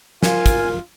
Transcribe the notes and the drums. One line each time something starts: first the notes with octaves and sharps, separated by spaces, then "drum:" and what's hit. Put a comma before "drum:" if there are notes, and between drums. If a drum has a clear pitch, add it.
F4 A#4 G#5, drum: snare
drum: kick, hi-hat